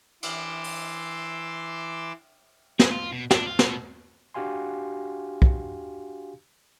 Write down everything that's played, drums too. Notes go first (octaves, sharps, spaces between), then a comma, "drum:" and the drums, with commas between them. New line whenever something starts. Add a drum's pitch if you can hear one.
E3 C6 D6 E6, drum: cymbal
drum: open hi-hat
G#4, drum: snare
F4
B2
D4, drum: snare
F4
B2, drum: snare
D4 F#4 G4 F5 G#5 C6
drum: kick